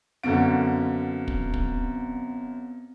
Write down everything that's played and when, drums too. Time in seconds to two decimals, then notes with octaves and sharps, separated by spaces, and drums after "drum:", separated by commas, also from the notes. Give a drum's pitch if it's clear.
0.24 F#2 D3 B3 C4 F5 D7
1.28 drum: kick
1.54 drum: kick